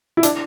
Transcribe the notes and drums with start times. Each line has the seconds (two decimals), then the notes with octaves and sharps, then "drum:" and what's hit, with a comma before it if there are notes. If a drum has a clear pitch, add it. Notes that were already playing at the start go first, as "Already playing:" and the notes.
0.17 E4
0.23 D4, drum: hi-hat